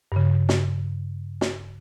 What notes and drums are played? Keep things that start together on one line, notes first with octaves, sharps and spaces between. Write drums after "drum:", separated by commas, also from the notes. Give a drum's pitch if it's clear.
G2 C#3
drum: snare
drum: snare